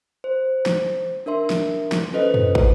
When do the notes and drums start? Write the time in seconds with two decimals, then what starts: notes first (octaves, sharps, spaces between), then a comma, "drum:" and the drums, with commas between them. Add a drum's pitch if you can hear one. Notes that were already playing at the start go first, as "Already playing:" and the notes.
0.24 C5
0.66 drum: snare
1.26 D4 A#4 E5 C6
1.50 drum: snare
1.92 drum: snare
2.13 C#4 F4 A4 B4 C5 D#5
2.34 drum: tom
2.55 drum: kick